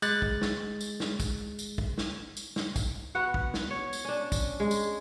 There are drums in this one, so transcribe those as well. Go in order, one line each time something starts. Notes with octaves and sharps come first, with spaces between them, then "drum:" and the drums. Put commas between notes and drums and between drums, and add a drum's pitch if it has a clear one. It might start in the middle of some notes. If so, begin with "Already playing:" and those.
G#3 F#6 A6, drum: tambourine
drum: kick
drum: snare
drum: tambourine
drum: snare
drum: kick, tambourine
drum: tambourine
drum: kick
drum: snare
drum: tambourine
drum: snare
drum: kick, tambourine
B3 F#4 F#5
drum: kick
drum: snare
C#5
drum: tambourine
C#4 D4
drum: kick, tambourine
G#3
drum: tambourine